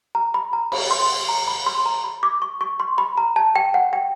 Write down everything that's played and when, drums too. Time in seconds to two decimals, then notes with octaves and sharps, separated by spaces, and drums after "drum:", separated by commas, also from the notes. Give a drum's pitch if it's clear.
0.15 A#5
0.34 B5
0.53 A#5
0.72 B5, drum: cymbal
0.91 C6
1.29 A#5
1.48 B5
1.66 C6
1.85 A#5
2.04 B5
2.23 D6
2.42 C#6
2.61 C#6
2.80 C6
2.98 B5
3.18 A#5
3.36 A5
3.56 G5
3.74 F#5
3.93 G5